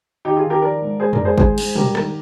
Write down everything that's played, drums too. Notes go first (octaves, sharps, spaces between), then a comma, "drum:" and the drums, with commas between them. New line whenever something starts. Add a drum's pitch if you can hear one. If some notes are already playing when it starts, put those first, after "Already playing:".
D#3 D#4 G4
F4 G#4
D#3
G4 A#4
F3 A#4 D5
G#2
G#2 G#4 C5
A#4 D5, drum: tom
G#2
G#4 C5
G#2 G#4 C5, drum: kick G#1
G#2, drum: cymbal
G2 G4 A#4, drum: tom
D#3, drum: rim click